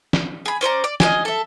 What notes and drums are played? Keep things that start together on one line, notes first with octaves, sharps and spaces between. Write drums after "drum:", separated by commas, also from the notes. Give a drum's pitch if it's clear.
drum: snare
G#4 B5
C#4 C5 D5 A#5
D5
D#5 F5 G#5, drum: snare
A4 E5